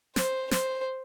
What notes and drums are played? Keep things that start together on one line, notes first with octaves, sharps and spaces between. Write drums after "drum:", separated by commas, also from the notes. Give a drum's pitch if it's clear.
C5, drum: snare
C5, drum: snare